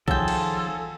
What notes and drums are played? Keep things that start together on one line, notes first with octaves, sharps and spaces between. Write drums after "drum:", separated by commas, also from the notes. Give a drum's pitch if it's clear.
D#3 F3 F#3 F4 G#4 A4 G5, drum: kick A#1
drum: cymbal
drum: tom E3